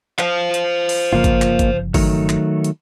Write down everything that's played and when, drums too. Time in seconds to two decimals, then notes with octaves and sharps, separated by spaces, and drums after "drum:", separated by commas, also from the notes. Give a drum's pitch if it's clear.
0.19 C5 F5, drum: clap
0.54 drum: hi-hat
0.89 drum: open hi-hat
1.13 G1 C#3 F3 A#3 F4
1.24 drum: kick G#1, hi-hat
1.42 drum: clap
1.59 drum: kick G#1, hi-hat
1.94 D#3 F#3 A3, drum: kick G#1, open hi-hat
2.29 drum: clap
2.64 drum: hi-hat